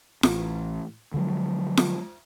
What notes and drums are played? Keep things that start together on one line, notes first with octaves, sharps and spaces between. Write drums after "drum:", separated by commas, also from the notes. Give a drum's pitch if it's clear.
A1, drum: snare F4
D3 F3 F#3 G#3
drum: snare F4